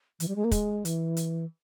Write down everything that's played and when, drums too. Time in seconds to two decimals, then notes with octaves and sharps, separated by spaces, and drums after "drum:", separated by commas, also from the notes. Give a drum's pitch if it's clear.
0.20 E3, drum: hi-hat
0.28 G3
0.36 G#3
0.44 A#3
0.51 G#3, drum: kick, hi-hat
0.85 E3, drum: hi-hat
1.17 drum: hi-hat